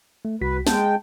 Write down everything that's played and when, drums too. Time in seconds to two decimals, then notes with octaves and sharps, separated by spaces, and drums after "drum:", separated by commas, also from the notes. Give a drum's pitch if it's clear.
0.25 A3
0.41 C2 F#4 B4 B6
0.67 G#3 G5 A5, drum: snare